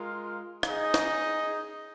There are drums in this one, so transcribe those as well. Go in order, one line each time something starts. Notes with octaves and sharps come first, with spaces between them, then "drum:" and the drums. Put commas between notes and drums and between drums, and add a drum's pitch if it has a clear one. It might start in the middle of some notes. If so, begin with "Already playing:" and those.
Already playing: G#3 F4 A#4 F5
D#4 G#4 D#5, drum: rim click
drum: snare